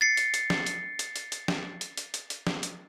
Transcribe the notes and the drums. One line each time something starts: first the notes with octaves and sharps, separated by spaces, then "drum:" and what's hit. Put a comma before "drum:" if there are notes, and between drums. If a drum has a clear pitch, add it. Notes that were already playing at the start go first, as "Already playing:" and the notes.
A6 C7 C#7
drum: hi-hat
drum: hi-hat
drum: snare
drum: hi-hat
drum: hi-hat
drum: hi-hat
drum: hi-hat
drum: snare
drum: hi-hat
drum: hi-hat
drum: hi-hat
drum: hi-hat
drum: snare
drum: hi-hat